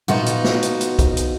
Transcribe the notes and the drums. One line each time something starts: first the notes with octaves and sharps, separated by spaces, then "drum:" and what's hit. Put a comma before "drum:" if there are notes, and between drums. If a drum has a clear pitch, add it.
B3 D#4 F4 F#4, drum: tom A#2
drum: hi-hat
drum: snare
drum: hi-hat
drum: hi-hat
drum: kick, hi-hat
drum: hi-hat